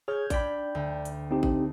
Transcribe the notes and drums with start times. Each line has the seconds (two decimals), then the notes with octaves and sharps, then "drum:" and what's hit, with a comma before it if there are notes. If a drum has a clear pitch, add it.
0.08 G#4 C#5 F6 G6 G#6
0.30 D4 D5 G5 B5, drum: kick A1, hi-hat
0.75 D2
1.05 drum: hi-hat
1.31 C4 D#4 G4
1.43 drum: kick A1